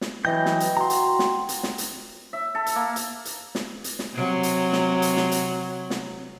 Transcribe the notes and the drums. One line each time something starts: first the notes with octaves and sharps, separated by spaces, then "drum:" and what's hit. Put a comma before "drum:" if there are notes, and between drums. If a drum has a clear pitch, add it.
drum: snare
E3 F#3 D#5 G5 G6
drum: snare
drum: hi-hat
F#4 A#5 C6
drum: hi-hat
drum: snare
drum: hi-hat
drum: snare
drum: hi-hat
E5
A4
drum: hi-hat
A#3
drum: hi-hat
drum: hi-hat
drum: snare
drum: hi-hat
drum: snare
C3 F#3
drum: hi-hat
drum: snare
drum: hi-hat
drum: snare
drum: hi-hat
drum: snare